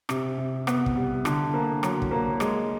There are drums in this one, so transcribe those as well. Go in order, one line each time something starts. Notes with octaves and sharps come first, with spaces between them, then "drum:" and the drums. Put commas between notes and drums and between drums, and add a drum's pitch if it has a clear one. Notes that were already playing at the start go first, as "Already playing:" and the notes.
C3, drum: rim click
C3
B3, drum: rim click
drum: kick
G3
D3, drum: rim click
A#3
F#3, drum: rim click
drum: kick
A#3
G#3, drum: rim click